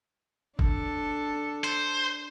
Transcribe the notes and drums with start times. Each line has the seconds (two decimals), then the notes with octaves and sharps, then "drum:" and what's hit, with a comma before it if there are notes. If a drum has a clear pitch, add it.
0.59 D4 A4, drum: kick
1.64 C5, drum: hi-hat